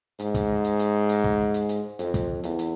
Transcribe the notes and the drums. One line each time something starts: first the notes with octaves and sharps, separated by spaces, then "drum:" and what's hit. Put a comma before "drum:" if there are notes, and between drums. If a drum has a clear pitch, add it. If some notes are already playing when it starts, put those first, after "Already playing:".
G#2, drum: hi-hat
drum: kick, hi-hat
drum: hi-hat
drum: hi-hat
drum: hi-hat
drum: kick
drum: hi-hat
drum: hi-hat
F2, drum: hi-hat
drum: kick, hi-hat
E2, drum: hi-hat
drum: hi-hat